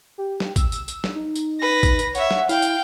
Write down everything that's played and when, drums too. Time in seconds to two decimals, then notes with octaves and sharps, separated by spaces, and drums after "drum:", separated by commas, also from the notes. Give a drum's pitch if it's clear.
0.18 G4
0.40 drum: snare
0.56 E6, drum: kick, tambourine
0.72 drum: tambourine
0.88 drum: tambourine
1.04 drum: snare
1.15 D#4
1.36 drum: tambourine
1.60 B4 A#6
1.83 drum: kick, tambourine
1.99 drum: tambourine
2.15 C#5 E5 F#5, drum: tambourine
2.31 drum: snare
2.49 E4 F5 G5, drum: tambourine
2.62 drum: tambourine